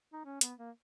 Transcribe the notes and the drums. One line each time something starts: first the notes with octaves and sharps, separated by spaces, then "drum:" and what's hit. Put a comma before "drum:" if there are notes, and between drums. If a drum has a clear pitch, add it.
D#4
C#4
B3, drum: hi-hat
A#3